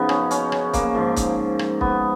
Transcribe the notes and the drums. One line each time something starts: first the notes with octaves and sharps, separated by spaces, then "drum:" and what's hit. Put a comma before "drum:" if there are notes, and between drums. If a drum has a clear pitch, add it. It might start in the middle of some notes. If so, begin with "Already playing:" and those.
Already playing: F#2 C#3 F3 B3 D#4
C#4, drum: rim click
C#4, drum: hi-hat
drum: rim click
A#3, drum: kick, hi-hat
G#2 F3
drum: kick, hi-hat
drum: rim click
B3, drum: kick